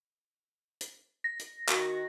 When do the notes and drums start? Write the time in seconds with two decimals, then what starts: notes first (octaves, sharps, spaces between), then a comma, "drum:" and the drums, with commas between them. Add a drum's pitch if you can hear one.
0.81 drum: hi-hat
1.24 A#6
1.39 drum: hi-hat
1.69 D#3 F#4, drum: clap